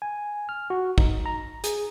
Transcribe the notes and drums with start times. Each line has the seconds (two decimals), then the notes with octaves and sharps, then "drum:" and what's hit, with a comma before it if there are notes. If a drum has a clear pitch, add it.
0.02 G#5
0.49 F6
0.70 F#4
0.98 D#4, drum: kick
1.26 A#5
1.64 G#4, drum: hi-hat